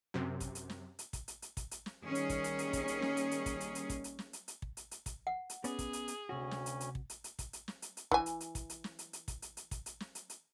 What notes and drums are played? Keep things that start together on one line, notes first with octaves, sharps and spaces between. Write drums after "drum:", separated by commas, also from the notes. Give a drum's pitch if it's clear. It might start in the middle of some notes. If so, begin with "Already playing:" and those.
F#2 C3
drum: kick, hi-hat
drum: hi-hat
drum: snare
drum: hi-hat
drum: kick, hi-hat
drum: hi-hat
drum: hi-hat
drum: kick, hi-hat
drum: hi-hat
drum: snare
D#3 G3 A#3 C#4 G#4
drum: hi-hat
drum: kick, hi-hat
drum: hi-hat
drum: hi-hat
drum: kick, hi-hat
drum: hi-hat
drum: snare
drum: hi-hat
drum: hi-hat
drum: kick, hi-hat
drum: hi-hat
drum: hi-hat
drum: kick, hi-hat
drum: hi-hat
drum: snare
drum: hi-hat
drum: hi-hat
drum: kick
drum: hi-hat
drum: hi-hat
drum: kick, hi-hat
F#5
drum: hi-hat
B3 C#4 G#4 D5, drum: hi-hat
drum: kick, hi-hat
drum: hi-hat
drum: hi-hat
D2 C3 C#4 F#4
drum: snare
drum: hi-hat
drum: hi-hat
drum: kick
drum: hi-hat
drum: hi-hat
drum: kick, hi-hat
drum: hi-hat
drum: snare
drum: hi-hat
drum: hi-hat
E3 G#5, drum: kick
drum: hi-hat
drum: hi-hat
drum: kick, hi-hat
drum: hi-hat
drum: snare
drum: hi-hat
drum: hi-hat
drum: kick, hi-hat
drum: hi-hat
drum: hi-hat
drum: kick, hi-hat
drum: hi-hat
drum: snare
drum: hi-hat
drum: hi-hat